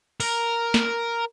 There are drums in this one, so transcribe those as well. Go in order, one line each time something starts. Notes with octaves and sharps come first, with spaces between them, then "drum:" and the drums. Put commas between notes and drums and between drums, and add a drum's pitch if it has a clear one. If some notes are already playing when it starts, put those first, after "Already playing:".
A#4, drum: open hi-hat
drum: snare